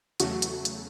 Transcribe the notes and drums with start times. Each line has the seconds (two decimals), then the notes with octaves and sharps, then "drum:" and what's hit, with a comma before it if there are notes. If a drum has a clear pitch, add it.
0.20 E2 C#3 F#3 A3 F#4, drum: hi-hat
0.42 drum: hi-hat
0.65 drum: hi-hat